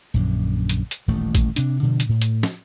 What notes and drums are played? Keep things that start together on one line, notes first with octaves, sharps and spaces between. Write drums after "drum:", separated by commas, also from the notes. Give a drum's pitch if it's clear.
A#1 F#2 D3
drum: hi-hat
drum: hi-hat
D#1 A1 A2 A3
drum: kick A1, hi-hat
C3 D4, drum: hi-hat
G2 B2 D3 F3
drum: hi-hat
A2
drum: hi-hat
drum: snare